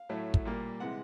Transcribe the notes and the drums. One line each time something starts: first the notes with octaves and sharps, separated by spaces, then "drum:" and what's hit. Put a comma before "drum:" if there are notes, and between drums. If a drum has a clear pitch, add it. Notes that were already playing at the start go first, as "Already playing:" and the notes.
Already playing: F5
A2 F#3 A3
drum: kick
A#2 G3 A#3
C3 E3 G#3 F#5